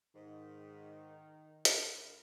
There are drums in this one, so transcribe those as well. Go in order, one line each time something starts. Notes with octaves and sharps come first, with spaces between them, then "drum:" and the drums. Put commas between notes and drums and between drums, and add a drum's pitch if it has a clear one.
G#2 D#3
D2 E4 A#4, drum: hi-hat